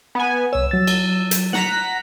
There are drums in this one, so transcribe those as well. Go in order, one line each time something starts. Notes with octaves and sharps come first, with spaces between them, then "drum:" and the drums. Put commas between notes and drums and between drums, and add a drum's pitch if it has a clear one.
B3 G#5
C2 C#5 E6
F#3 A6
drum: cymbal
drum: hi-hat
F#5 A#5 B6, drum: snare